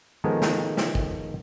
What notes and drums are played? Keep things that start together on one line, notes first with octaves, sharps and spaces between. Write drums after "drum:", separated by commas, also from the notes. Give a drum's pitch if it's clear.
D#3 F3 G#3 B3 D#4 A4
drum: snare
drum: snare
drum: kick